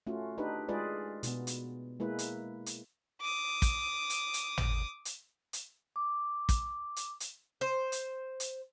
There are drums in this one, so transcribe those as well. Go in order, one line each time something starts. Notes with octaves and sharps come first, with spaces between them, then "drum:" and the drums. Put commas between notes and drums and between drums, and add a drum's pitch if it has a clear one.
A3 C#4 F4 F#4
D4 D#4 G4 B4
G#3 F4 G#4 B4 D5
B2 B3, drum: hi-hat
drum: hi-hat
G#3 A#3 E4 B4
drum: hi-hat
drum: hi-hat
D6 D#6
drum: kick, hi-hat
drum: hi-hat
drum: hi-hat
drum: tom
drum: hi-hat
drum: hi-hat
D6
drum: kick, hi-hat
drum: hi-hat
drum: hi-hat
C5
drum: hi-hat
drum: hi-hat